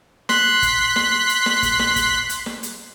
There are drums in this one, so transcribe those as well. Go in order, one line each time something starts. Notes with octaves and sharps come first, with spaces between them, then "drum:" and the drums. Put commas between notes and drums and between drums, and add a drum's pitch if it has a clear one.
C6 F#6 B6, drum: snare
drum: kick, hi-hat
drum: snare
drum: hi-hat
drum: snare
drum: kick, hi-hat
drum: snare
drum: kick, hi-hat
drum: hi-hat
drum: snare
drum: hi-hat